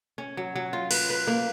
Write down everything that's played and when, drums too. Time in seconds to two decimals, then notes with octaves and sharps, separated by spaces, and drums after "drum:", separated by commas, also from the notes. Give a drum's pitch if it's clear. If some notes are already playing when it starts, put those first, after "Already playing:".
0.18 C#4
0.37 F#3
0.56 F#3
0.73 F4
0.91 B4, drum: cymbal
1.10 B4
1.27 A#3